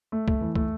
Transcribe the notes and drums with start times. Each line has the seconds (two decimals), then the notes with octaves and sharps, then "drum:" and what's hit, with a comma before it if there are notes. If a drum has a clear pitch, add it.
0.12 A3
0.28 A3, drum: kick
0.41 E3
0.56 A3, drum: kick